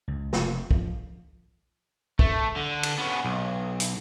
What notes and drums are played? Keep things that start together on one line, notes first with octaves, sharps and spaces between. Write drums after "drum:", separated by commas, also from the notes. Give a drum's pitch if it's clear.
C#2
F1, drum: snare
F3, drum: kick
A3, drum: kick
D3
drum: cymbal
B3 C#4
B1
drum: hi-hat